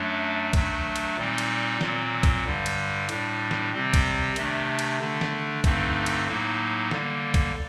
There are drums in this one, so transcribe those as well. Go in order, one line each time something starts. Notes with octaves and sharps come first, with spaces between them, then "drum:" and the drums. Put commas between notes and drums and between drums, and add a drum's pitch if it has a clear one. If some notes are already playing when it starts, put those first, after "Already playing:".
Already playing: F#2 F#3 A3 D4
D#3 F#3 A3 D4, drum: kick A#1, cymbal
drum: cymbal
A#2 G3 C4 D#4
drum: cymbal
A#2 F#3 C4, drum: snare
drum: kick A#1, cymbal
G2 D3 G3
drum: cymbal
A2 G3 D4, drum: cymbal
drum: snare
C3 G3 C4
drum: kick A#1, cymbal
C3 D#3 A3 D4, drum: cymbal
drum: cymbal
D3 A3 D4
drum: snare
G2 D3 A3 C4 D#4, drum: kick A#1, cymbal
drum: cymbal
A2 F#3 A#3 D#4
D3 G3 A#3, drum: snare
drum: kick A#1, cymbal